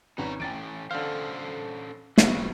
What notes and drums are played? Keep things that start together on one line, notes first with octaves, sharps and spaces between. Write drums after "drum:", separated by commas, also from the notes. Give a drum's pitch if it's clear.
G#1 C#4 D#4 B4 F#5 A#5
E3 C#4 G5 A6 D7
D3 C#4 A4 C5 F5
F#1 F3 G3 B3 F4 F#4, drum: snare